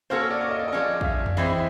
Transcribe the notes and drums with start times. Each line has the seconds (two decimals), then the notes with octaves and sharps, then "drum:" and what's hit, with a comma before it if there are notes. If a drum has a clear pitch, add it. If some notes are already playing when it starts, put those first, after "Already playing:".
0.10 A#3 C#4 F#4 A4 C5
0.20 C#5
0.31 D5
0.41 D5
0.51 D#5
0.59 D5
0.68 D#5
0.73 F3 G#3 C#4 D5
1.01 F5, drum: kick
1.04 E5
1.26 drum: tom F2
1.37 E3 G#3 C4 E4